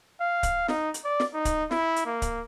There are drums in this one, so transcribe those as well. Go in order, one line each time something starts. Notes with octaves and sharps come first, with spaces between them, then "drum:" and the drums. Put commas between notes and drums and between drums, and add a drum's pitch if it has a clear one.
F5
drum: kick C#1, hi-hat
D#4, drum: snare
drum: hi-hat
D5
drum: snare
D#4
drum: kick C#1, hi-hat
E4, drum: snare
drum: hi-hat
A#3
drum: kick C#1, hi-hat